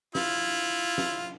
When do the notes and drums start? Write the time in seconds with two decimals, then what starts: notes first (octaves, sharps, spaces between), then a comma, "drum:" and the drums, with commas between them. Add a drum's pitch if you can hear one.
0.15 E4 F4, drum: snare
0.98 drum: snare